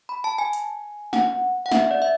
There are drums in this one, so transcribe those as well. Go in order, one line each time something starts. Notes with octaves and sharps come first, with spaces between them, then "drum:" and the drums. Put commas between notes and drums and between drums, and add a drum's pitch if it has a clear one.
B5
A5
G#5
drum: hi-hat
F#5, drum: snare
F#5
E5, drum: snare
D5
E5